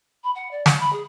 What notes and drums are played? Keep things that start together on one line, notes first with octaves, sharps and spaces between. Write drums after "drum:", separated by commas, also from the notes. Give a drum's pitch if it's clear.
B5
F#5
D5
F#5, drum: snare
B5
G#4